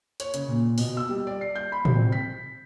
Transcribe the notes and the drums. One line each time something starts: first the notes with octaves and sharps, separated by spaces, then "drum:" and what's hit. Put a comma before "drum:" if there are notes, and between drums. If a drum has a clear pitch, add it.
C#5, drum: hi-hat
C#3, drum: hi-hat
A#2
B2, drum: open hi-hat
E6
G3
D5
C7
G6
B5
drum: tom A2
C4
B6